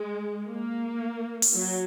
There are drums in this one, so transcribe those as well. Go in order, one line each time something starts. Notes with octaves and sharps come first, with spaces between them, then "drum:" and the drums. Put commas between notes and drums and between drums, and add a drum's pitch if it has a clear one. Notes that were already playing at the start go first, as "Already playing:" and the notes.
Already playing: G#3
A#3
drum: open hi-hat
F#3